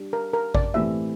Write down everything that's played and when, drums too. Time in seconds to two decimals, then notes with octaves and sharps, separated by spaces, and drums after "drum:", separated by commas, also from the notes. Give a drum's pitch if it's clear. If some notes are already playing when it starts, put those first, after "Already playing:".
Already playing: G3 D4
0.13 A#4
0.33 A#4
0.55 D5, drum: kick G#1
0.74 A2 E3 A3 C4 G4 E5